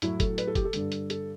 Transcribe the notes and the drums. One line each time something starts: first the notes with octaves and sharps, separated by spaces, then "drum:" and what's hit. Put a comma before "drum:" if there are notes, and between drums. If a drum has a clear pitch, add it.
A2 F#3 E4, drum: hi-hat
A4, drum: kick F#1, hi-hat
B4, drum: hi-hat
A4
G4, drum: kick F#1, hi-hat
A4
G2 D3 G3, drum: hi-hat
drum: hi-hat
A4, drum: hi-hat